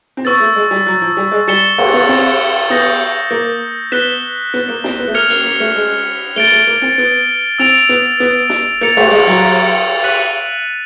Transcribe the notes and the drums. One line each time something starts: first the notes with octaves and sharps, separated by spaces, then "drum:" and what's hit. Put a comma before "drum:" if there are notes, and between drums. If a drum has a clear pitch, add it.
C4
B3 C#6 E6 A6
A3
G#3
G3
F#3
F3
G3
G#3
G3 A6 C#7 E7 G7
A#3, drum: cymbal
B3
C4
B3 D#6 G6 A#6
A#3
B3 F#6 B6 E7 G7
B3
A#3
C4, drum: snare
B3
A3
A#3 F6 G#6 C#7 F7
A#3, drum: cymbal
A#3
A3
G#3
A3 A6 D7 G7
A3
A#3
C4
B3
C4 E6 A6 D7 F7
B3
B3
drum: snare
A#3 A6 C#7 F7
A3, drum: cymbal
G#3
F#3
F#6 B6 D#7 F#7